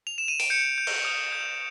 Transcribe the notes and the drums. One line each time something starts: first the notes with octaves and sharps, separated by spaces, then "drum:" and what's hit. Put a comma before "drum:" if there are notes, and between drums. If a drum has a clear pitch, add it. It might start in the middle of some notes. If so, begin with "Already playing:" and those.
F7
E7
D#7
D7, drum: open hi-hat
G6 C#7
G6
drum: cymbal
D#6
G6